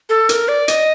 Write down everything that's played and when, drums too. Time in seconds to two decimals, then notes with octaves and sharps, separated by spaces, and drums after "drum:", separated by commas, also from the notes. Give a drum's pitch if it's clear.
0.09 A4
0.29 A#4, drum: hi-hat
0.48 D5
0.68 D#5, drum: hi-hat